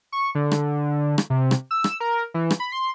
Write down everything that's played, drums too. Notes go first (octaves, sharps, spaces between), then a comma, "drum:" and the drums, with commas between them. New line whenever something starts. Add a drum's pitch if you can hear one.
C#6
D3
drum: rim click
drum: rim click
C3
drum: rim click
E6
drum: rim click
A#4
E3
drum: rim click
B5
C6